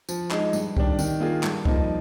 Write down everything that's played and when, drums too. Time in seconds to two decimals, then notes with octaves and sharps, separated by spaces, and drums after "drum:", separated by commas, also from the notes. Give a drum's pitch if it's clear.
0.09 F3, drum: tambourine
0.31 G#3 D#4 G#4, drum: clap
0.53 G2, drum: tambourine
0.77 D#3 G3 D4, drum: kick C2
0.99 D#3, drum: tambourine
1.20 A#3 F4 G#4
1.43 G2, drum: clap
1.65 F3 A#3 D#4, drum: kick C2